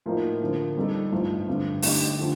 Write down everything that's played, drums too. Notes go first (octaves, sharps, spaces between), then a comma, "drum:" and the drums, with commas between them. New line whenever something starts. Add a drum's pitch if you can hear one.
A2 F3 A#3 D#4 A#4
D3 F3 A#3
G3 C4 D#4 A4
G2 F3 A3 D#4
G2 D3 G3 C4
D3 A3 D#4 G4, drum: open hi-hat
D3 F3